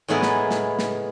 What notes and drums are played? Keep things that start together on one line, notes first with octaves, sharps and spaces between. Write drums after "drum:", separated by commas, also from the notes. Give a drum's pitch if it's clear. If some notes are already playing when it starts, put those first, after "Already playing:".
A2 E3 G#3 B3 E4 A#4
drum: snare
drum: snare
drum: snare